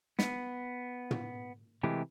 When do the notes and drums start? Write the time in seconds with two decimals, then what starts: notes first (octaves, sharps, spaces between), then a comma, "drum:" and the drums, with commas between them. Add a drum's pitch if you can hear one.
0.19 B3, drum: snare
1.11 drum: tom
1.83 C3 E3 G#3 A3 G4